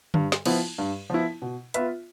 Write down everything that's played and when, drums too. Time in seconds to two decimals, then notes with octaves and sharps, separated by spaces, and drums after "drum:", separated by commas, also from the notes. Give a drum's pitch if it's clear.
0.14 G2, drum: tom D3
0.32 drum: snare
0.46 F3 B3 E4, drum: cymbal
0.78 G2
1.10 F3 B3 E4
1.42 B2
1.74 B3 F4 B4 E5, drum: hi-hat